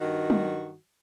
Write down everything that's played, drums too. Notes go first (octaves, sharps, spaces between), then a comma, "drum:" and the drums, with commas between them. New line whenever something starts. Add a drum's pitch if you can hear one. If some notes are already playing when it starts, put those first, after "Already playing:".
G2 D#3 F#4
drum: tom